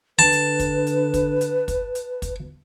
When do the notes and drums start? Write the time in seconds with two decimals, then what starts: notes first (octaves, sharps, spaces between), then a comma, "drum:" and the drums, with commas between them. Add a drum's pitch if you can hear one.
0.19 D3 B4 A5
0.32 drum: hi-hat
0.59 drum: kick, hi-hat
0.87 drum: hi-hat
1.14 drum: kick, hi-hat
1.41 drum: hi-hat
1.68 drum: kick, hi-hat
1.95 drum: hi-hat
2.22 drum: kick, hi-hat